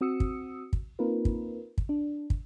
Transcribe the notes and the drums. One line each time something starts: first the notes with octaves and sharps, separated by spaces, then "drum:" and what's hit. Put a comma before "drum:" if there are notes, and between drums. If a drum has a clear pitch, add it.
C4 F#4 D#6 E6 C#7
drum: kick
drum: kick
A#3 C4 D#4 F4 A#4 B4
drum: kick
drum: kick
D4
drum: kick